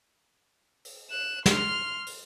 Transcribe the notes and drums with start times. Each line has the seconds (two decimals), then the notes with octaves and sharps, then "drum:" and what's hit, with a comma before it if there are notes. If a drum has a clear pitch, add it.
0.85 drum: open hi-hat
1.10 F#6 E7
1.46 C6 F6, drum: snare
2.06 drum: open hi-hat